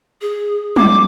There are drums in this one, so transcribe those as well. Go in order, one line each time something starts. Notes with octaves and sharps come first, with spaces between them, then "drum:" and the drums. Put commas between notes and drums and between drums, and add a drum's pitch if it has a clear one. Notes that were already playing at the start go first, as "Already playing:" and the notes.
G#4
D6, drum: tom